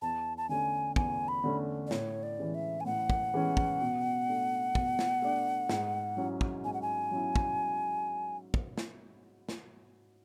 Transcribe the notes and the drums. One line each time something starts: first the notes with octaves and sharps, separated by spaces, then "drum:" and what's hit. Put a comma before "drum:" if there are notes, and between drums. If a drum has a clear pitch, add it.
E2 A5
A5
D3 A3 C#4 G#5
E2 G#5, drum: kick
B5
D3 A3 C#4
D5
A2 C#5, drum: snare
D5
E3 G#3 C#4
E5
G#5
A2 F#5
drum: kick
E3 G#3 C#4
drum: kick
B2
A3 D4
B2, drum: kick
drum: snare
A3 D4
G#2, drum: snare
F#3 C#4 E4
drum: kick
G#2 G#5
F#5
G#5
F#3 C#4 E4
drum: kick
drum: kick
drum: snare
drum: snare